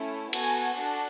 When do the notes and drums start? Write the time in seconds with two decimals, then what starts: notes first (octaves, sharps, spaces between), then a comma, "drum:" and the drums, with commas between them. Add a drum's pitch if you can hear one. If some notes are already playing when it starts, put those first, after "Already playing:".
Already playing: A3 C#4 E4 A4
0.33 B3 F#4 A4 G#5, drum: cymbal
0.79 D4 F#4 A4